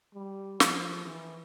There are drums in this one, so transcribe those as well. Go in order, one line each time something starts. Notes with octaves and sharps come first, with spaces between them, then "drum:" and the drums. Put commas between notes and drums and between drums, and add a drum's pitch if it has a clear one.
G3
F3, drum: snare
E3